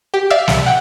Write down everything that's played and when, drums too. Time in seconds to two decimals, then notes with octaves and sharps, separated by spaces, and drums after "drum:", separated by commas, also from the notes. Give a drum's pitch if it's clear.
0.14 G4
0.30 D5 E5 F5
0.48 C2, drum: snare
0.66 F#5 G5